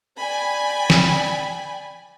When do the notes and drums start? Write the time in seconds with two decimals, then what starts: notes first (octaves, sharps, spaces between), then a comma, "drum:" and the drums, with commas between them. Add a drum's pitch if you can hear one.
0.18 D5 G5 G#5 B5
0.90 drum: snare